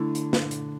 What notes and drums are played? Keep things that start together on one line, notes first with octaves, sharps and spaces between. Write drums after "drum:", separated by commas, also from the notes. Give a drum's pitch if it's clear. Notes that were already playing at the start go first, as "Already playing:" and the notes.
Already playing: D3 A3 E4
drum: hi-hat
drum: snare
drum: hi-hat